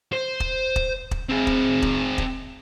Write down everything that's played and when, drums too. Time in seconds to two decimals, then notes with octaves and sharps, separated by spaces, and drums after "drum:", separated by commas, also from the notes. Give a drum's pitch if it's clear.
0.12 C5
0.40 drum: kick
0.76 drum: kick
1.11 drum: kick
1.29 C4 G#4
1.47 drum: kick
1.82 drum: kick
2.18 drum: kick